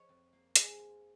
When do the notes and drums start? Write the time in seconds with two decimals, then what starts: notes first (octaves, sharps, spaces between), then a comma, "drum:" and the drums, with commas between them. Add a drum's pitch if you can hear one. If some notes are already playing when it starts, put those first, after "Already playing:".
Already playing: F3 C#5 D#5
0.09 F2
0.33 A#3
0.56 F3 G#4, drum: hi-hat
0.79 F4